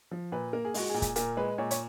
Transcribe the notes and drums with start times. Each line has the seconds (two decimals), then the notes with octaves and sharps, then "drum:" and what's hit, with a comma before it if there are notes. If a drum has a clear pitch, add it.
0.11 F3
0.32 A#2 B4
0.53 A#3 A#4
0.65 G#4
0.74 G#3 F#4, drum: open hi-hat
0.90 A#2 G#4
1.02 drum: kick, hi-hat
1.16 A#2 A#4, drum: hi-hat
1.37 G#3 B4
1.58 A#2 C#5
1.71 C#5, drum: hi-hat